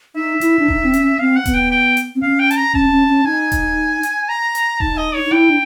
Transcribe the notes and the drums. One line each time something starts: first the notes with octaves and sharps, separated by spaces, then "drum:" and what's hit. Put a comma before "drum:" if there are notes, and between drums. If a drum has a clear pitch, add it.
D#4 E5
E4, drum: hi-hat
D4
D#4, drum: kick D#1
C4
C#4, drum: hi-hat
C4 F5
F#5
B3, drum: kick D#1, hi-hat
G5
G5
drum: hi-hat
C4
C#4 F5
G5
A5, drum: hi-hat
A#5
C#4 A5, drum: kick D#1
C#4
C#4
D#4 G#5
drum: kick D#1, hi-hat
drum: hi-hat
A#5
drum: hi-hat
D#4 A5, drum: kick D#1
D#5
C#5
D#4
E4 G5
D4